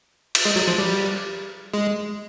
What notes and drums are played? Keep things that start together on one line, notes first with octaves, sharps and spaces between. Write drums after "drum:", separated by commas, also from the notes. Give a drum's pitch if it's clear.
drum: cymbal
G#3
F#3
F3
G3
G#3